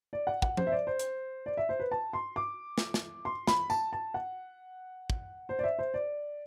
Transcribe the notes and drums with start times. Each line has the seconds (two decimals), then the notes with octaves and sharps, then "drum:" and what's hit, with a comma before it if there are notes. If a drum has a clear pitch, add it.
0.13 D5
0.27 F#5
0.42 F#5, drum: kick
0.57 C5, drum: tom F3
0.67 E5
0.72 D5
0.87 C5
0.99 drum: hi-hat
1.46 D5
1.57 E5
1.69 C5
1.80 B4
1.91 A5
2.13 C6
2.36 D6
2.78 drum: snare
2.94 drum: snare
3.25 C6
3.47 B5, drum: snare
3.70 A5, drum: tambourine
3.93 A5
4.14 F#5
5.10 drum: kick
5.49 C5
5.59 D5
5.64 E5
5.79 C5
5.94 D5